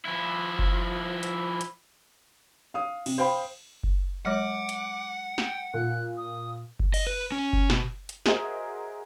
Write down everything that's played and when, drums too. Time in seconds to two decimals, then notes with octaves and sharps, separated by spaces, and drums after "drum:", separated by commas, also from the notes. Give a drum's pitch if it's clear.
0.05 F3 E4
0.59 drum: kick F#1
1.23 drum: hi-hat
1.61 drum: hi-hat
2.74 F5 D#6
3.06 C3, drum: cymbal
3.18 C5 F5 G5 B5
3.83 drum: kick F#1
4.25 F#3 G#3 C#5 F#5 D6
4.69 drum: hi-hat
5.38 G5, drum: snare
5.74 A#2 F#6
6.17 D#6
6.80 drum: kick F#1
6.94 D#5, drum: cymbal
7.07 B4
7.32 C#4
7.53 drum: kick F#1
7.70 B2, drum: snare
8.09 drum: hi-hat
8.26 F#4 G#4 A#4 C5 D#5 E5, drum: snare